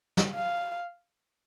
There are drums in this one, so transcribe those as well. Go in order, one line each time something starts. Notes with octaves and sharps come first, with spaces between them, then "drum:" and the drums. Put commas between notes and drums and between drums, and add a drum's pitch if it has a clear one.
drum: snare
F5